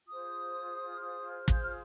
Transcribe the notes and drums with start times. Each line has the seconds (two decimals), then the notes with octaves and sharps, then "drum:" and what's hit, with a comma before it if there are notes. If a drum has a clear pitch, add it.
0.07 F4 G#4 C5 D#6
0.91 F6
1.01 D#6
1.24 F6
1.48 G6, drum: kick
1.60 F6